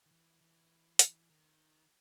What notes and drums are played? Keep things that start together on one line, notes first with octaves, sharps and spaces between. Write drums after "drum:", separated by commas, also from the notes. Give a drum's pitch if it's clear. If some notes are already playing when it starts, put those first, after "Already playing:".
D#3
E3
E3
drum: hi-hat
D#3